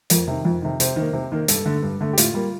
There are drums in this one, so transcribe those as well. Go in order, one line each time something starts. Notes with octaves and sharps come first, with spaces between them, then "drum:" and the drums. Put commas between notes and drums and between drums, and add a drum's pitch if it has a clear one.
F2 A#4, drum: hi-hat
C3 D#3
F2
C3 D#3
C3 C5, drum: hi-hat
D#3 A#3
C3
D#3 A#3
G2 A4, drum: hi-hat
D3 A3
G2
D3 A3
G4
A2 F4, drum: hi-hat
G3 A#3